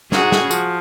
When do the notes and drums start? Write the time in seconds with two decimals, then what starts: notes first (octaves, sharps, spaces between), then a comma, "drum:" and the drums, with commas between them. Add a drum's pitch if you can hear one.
0.12 F#2 F#4 G#4, drum: snare
0.22 G#2
0.32 A2, drum: snare
0.41 C#3
0.51 F3, drum: tambourine